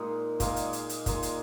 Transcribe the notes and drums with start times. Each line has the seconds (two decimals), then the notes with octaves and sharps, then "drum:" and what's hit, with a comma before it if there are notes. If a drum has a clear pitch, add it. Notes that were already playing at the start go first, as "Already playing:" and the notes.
Already playing: A#2 G#3 D#4
0.40 A#2 G#3 D#4, drum: kick, hi-hat
0.56 drum: hi-hat
0.73 drum: hi-hat
0.89 drum: hi-hat
1.06 A#2 G#3 D#4, drum: kick, hi-hat
1.23 drum: hi-hat